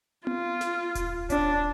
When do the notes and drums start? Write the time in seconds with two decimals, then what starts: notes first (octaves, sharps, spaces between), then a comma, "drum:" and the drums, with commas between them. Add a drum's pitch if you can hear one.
0.27 F4, drum: tom B3
0.61 drum: snare
0.95 drum: kick D#1, hi-hat
1.30 D4, drum: kick D#1, hi-hat